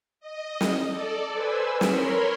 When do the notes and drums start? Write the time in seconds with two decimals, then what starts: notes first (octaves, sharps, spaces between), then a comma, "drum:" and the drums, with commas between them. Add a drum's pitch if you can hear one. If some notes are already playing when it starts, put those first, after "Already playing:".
0.20 D#5
0.61 drum: snare
0.89 A4 D5
1.32 B4 C5 G#5 E6
1.81 A#4 C#5 B5 C6, drum: snare